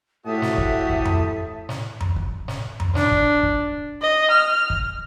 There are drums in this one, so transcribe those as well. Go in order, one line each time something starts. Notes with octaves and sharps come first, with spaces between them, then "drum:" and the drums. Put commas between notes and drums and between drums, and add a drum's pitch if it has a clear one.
A2 A3 F#4 G4 E5 A5 D#6
drum: snare
drum: kick
drum: kick
drum: tom F2
drum: snare
drum: tom F2
drum: kick
drum: snare
drum: tom F2
D4, drum: snare
drum: kick
drum: kick
D#5
F6
drum: kick